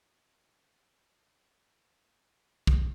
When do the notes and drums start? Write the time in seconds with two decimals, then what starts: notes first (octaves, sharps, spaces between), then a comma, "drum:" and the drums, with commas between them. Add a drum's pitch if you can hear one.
0.09 C#4 B4
2.67 drum: kick